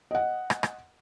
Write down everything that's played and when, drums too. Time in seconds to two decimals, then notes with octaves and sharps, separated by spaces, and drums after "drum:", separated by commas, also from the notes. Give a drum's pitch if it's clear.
0.11 D#5 F#5
0.50 drum: rim click
0.63 drum: rim click